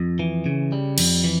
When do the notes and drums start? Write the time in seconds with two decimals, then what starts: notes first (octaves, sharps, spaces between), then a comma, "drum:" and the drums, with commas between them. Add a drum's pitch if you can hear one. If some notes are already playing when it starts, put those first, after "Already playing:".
Already playing: F2
0.19 E3
0.46 C#3
0.72 G3
0.98 F2, drum: cymbal
1.24 E3